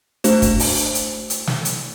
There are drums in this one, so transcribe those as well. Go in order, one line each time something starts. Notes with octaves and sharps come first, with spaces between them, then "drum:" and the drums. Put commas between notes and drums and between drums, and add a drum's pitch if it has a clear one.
A3 D4 F#4 C5, drum: hi-hat
drum: kick, hi-hat
drum: open hi-hat
drum: hi-hat
drum: hi-hat
drum: hi-hat
drum: snare
drum: hi-hat